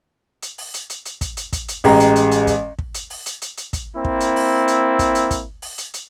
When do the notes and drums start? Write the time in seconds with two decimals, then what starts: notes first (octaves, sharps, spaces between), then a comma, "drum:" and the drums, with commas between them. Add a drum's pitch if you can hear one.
0.42 drum: hi-hat
0.58 drum: open hi-hat
0.74 drum: hi-hat
0.90 drum: hi-hat
1.05 drum: hi-hat
1.21 drum: kick, hi-hat
1.37 drum: hi-hat
1.53 drum: kick, hi-hat
1.68 drum: hi-hat
1.84 A1 G#3 G4 A#5, drum: open hi-hat
2.00 drum: hi-hat
2.16 drum: hi-hat
2.31 drum: hi-hat
2.47 drum: kick, hi-hat
2.79 drum: kick
2.94 drum: hi-hat
3.10 drum: open hi-hat
3.26 drum: hi-hat
3.42 drum: hi-hat
3.57 drum: hi-hat
3.73 drum: kick, hi-hat
3.95 A#3 C4 E4
4.05 drum: kick
4.20 drum: hi-hat
4.36 drum: open hi-hat
4.68 drum: hi-hat
4.99 drum: kick, hi-hat
5.15 drum: hi-hat
5.31 drum: kick, hi-hat
5.62 drum: open hi-hat
5.78 drum: hi-hat
5.94 drum: hi-hat